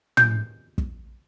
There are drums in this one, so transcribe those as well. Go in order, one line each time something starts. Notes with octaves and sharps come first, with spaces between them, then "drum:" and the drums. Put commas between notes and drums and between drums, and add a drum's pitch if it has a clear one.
G6, drum: tom
drum: kick